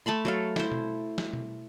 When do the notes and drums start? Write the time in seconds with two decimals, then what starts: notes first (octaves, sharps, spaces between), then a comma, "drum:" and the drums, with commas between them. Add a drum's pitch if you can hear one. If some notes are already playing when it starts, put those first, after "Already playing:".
0.06 A3 A5 B5 C6
0.25 F#3 A4 F5
0.56 E4 C5, drum: snare
0.72 drum: tom B2
1.18 drum: snare
1.33 drum: tom B2